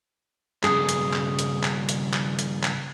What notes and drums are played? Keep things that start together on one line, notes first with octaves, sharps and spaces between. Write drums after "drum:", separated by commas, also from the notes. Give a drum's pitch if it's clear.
G2 C#3 G#4, drum: clap
drum: hi-hat
drum: clap
drum: hi-hat
drum: clap
drum: hi-hat
drum: clap
drum: hi-hat
drum: clap